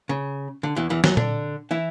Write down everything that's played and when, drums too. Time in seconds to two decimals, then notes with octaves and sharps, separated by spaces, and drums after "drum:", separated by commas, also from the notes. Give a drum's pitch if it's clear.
0.09 C#3
0.63 D3
0.76 E2 E3
0.90 E2 E3
1.04 F#2 F#3, drum: snare
1.17 D3 D4, drum: tom A#2
1.71 E3 E4